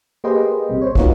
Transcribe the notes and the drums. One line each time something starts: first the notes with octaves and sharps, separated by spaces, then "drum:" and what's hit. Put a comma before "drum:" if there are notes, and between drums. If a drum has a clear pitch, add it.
A#3 G4 G#4 B4 C5 D#5
A#1 C3 G3
C5 C#5
A#3 B3 D#4 F4 F#4 C#5, drum: kick